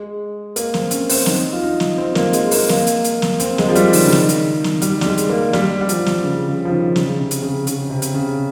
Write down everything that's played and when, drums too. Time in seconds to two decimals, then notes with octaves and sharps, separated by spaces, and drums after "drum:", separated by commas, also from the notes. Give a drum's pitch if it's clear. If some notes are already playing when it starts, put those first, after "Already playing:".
Already playing: G#3
0.56 A#3, drum: hi-hat
0.74 C4, drum: snare
0.91 C#4, drum: hi-hat
1.09 C4, drum: open hi-hat
1.26 D#4, drum: snare
1.52 F4
1.63 D#4
1.80 drum: snare
1.98 C4
2.15 A#3, drum: snare
2.33 G#3, drum: hi-hat
2.51 A#3, drum: open hi-hat
2.69 A#3, drum: snare
2.87 drum: hi-hat
3.04 drum: hi-hat
3.22 drum: snare
3.40 C4, drum: hi-hat
3.58 G#3, drum: snare
3.69 F3
3.75 G3, drum: hi-hat
3.93 D#3, drum: open hi-hat
4.03 C#3
4.12 D#3, drum: snare
4.29 drum: hi-hat
4.64 drum: snare
4.82 G3, drum: hi-hat
5.01 G3, drum: snare
5.06 G#3
5.18 drum: hi-hat
5.29 A#3
5.53 G3, drum: snare
5.81 G3
5.89 F3, drum: hi-hat
6.06 drum: snare
6.24 C#3
6.48 C#3
6.65 F3
6.71 D#3
6.96 C#3, drum: snare
7.19 C3
7.31 drum: hi-hat
7.42 C#3
7.67 C#3, drum: hi-hat
7.90 C3
8.02 drum: hi-hat
8.14 C#3